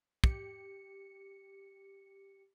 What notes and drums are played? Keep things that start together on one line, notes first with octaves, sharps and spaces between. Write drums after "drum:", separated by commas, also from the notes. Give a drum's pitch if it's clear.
G4 C#7, drum: kick